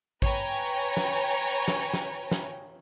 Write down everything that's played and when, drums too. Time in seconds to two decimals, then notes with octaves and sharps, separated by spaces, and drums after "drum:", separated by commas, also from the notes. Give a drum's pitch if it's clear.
0.22 B4 C#5 G5 G#5 A#5, drum: kick A1
0.97 drum: snare
1.68 drum: snare
1.94 drum: snare
2.31 drum: snare